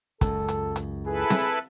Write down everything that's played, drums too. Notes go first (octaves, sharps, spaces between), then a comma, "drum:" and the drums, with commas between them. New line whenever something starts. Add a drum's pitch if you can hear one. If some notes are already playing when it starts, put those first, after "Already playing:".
C#2 F#2 A4, drum: kick, hi-hat
drum: hi-hat
drum: hi-hat
E4 G#4 A4 B4
drum: snare C4